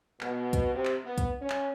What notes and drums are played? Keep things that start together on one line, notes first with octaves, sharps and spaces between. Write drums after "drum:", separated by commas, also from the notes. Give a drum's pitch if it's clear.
B2, drum: clap
drum: kick, hi-hat
C3
drum: clap
B3
drum: kick, hi-hat
C#4
drum: clap